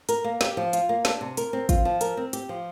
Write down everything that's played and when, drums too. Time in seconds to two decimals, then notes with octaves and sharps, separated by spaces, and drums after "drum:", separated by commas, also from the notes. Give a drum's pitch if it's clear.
0.09 A#4, drum: hi-hat
0.24 A#3
0.41 G4, drum: snare
0.57 F3
0.73 F4, drum: hi-hat
0.89 A#3
1.05 D4, drum: snare
1.21 C3
1.37 A#4, drum: hi-hat
1.53 C4
1.69 F4, drum: kick, hi-hat
1.85 F3
2.01 A#4, drum: hi-hat
2.17 C4
2.33 G4, drum: hi-hat
2.49 F3